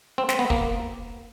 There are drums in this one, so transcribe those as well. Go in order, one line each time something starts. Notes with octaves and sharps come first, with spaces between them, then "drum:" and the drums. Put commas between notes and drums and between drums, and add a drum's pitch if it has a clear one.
C4
C4, drum: snare
B3
A#3, drum: kick